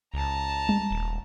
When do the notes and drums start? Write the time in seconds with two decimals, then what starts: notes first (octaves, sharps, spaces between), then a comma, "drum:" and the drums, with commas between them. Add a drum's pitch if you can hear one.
0.14 C#2 A5 A#5
0.69 drum: tom G3
0.90 D#1